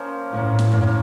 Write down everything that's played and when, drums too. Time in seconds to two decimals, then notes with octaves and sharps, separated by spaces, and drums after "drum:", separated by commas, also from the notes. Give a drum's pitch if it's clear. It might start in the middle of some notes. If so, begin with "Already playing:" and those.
Already playing: F3 A#3 C#4
0.32 A2 F3 A#3 C#4
0.59 drum: snare
0.72 F3 A#3 C#4, drum: tom F#2